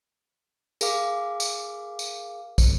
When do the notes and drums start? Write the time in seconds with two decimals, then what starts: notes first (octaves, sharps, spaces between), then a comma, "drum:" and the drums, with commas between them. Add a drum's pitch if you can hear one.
0.81 G#4 A#4 F5 D6, drum: tambourine
1.40 drum: tambourine
1.99 drum: tambourine
2.58 drum: kick, tambourine